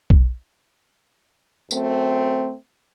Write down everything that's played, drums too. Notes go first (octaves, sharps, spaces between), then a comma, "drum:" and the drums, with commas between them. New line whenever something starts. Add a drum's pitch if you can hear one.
drum: kick
F#2 A3 C4, drum: tambourine